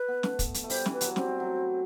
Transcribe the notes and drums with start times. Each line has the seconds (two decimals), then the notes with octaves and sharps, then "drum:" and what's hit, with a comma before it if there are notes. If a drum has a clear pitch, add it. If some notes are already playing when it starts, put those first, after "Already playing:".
Already playing: B4
0.08 B3
0.23 A3, drum: snare
0.39 drum: kick, hi-hat
0.54 drum: hi-hat
0.64 A3
0.70 G3 C5, drum: open hi-hat
0.86 E3, drum: snare
0.93 B4
1.01 F#3, drum: hi-hat
1.16 G3 C4, drum: snare
1.40 F#3